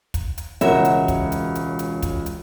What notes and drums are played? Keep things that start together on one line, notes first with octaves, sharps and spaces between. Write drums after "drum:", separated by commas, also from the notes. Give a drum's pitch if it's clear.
drum: kick, hi-hat
drum: hi-hat
E1 C#2 F#4 A#4 C#5 E5, drum: hi-hat
drum: hi-hat
drum: kick, hi-hat
drum: hi-hat
drum: hi-hat
drum: hi-hat
drum: kick, hi-hat
drum: hi-hat